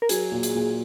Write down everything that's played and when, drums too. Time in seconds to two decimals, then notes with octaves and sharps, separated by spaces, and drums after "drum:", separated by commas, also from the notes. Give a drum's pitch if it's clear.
0.02 A#4
0.09 F#3 G#4, drum: hi-hat
0.32 A#2
0.43 drum: hi-hat
0.55 A#2